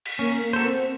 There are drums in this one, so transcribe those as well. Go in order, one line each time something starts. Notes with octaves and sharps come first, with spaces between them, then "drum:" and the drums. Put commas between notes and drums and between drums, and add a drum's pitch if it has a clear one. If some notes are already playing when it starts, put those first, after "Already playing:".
drum: cymbal
A#3 C#4
A#3
F#4 A4 C5
C4